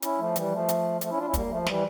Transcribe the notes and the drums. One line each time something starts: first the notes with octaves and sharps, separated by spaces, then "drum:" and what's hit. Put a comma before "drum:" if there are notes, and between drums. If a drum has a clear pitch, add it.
C#4 E4, drum: hi-hat
F3 A3
E3 G3, drum: hi-hat
F3 A3
drum: hi-hat
F3 A3, drum: hi-hat
C#4 E4
D4 F4
C#4 E4
G3 A#3, drum: kick, hi-hat
G3
F3 A3
A3
E3 G3, drum: snare